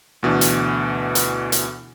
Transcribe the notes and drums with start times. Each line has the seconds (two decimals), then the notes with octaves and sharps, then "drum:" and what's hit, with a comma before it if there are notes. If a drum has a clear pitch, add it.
0.23 D2 B2 E3 D4
0.41 drum: hi-hat
1.15 drum: hi-hat
1.52 drum: hi-hat